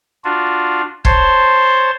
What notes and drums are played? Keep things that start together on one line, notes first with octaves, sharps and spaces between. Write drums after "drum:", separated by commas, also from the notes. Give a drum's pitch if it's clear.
D4 F4 F#4
C5 C#5 A5 C6, drum: kick